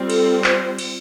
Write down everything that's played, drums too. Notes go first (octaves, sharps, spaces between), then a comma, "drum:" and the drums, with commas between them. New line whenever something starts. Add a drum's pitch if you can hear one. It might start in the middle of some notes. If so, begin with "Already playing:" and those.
Already playing: G3 C4 F4
A4, drum: cymbal
C5, drum: clap
drum: cymbal